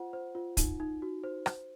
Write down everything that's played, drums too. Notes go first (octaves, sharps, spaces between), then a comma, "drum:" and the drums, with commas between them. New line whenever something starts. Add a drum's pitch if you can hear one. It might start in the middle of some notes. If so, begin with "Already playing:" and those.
Already playing: F4 C5 F#5
C5
F4
D#4, drum: kick, hi-hat
D#4
F#4
C5
C5, drum: rim click